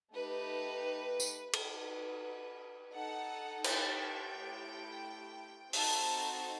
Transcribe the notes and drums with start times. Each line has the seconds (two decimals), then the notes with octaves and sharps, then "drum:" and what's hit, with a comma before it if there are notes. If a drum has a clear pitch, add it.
0.14 A3 D#4 G4 B4
1.20 drum: tambourine
1.53 D#4 F#4 A4 B4, drum: cymbal
2.94 D#4 A4 F#5
3.64 G5, drum: cymbal
4.34 A3 E4 G4
5.73 C4 D#4 F#4 A4 A5, drum: open hi-hat